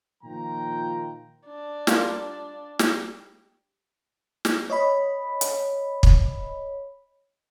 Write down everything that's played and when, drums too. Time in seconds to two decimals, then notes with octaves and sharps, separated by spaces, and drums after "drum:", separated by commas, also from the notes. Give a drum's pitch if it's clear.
0.24 A#2 D#3 F3 F4 G5 A#5
1.46 D4
1.87 G3 F4 A#4, drum: snare
2.79 G3, drum: snare
4.45 drum: snare
4.70 C#5 D#5 B5
5.41 drum: hi-hat
6.03 drum: kick